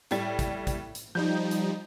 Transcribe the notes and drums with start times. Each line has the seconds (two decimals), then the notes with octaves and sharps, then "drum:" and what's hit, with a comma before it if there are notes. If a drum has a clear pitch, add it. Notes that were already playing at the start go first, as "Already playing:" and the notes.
0.11 A2 G3, drum: hi-hat
0.39 drum: kick A1, hi-hat
0.67 drum: kick A1, hi-hat
0.95 drum: hi-hat
1.15 F3 G3 D#4 G6
1.51 drum: hi-hat